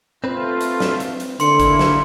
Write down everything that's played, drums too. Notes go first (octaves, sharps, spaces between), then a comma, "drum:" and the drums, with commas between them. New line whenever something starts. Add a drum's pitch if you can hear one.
A3 C4 F4 B4
drum: hi-hat
drum: snare
drum: hi-hat
drum: hi-hat
D3 A3 A#3 E4 C6 C#7, drum: hi-hat
drum: kick, hi-hat
drum: snare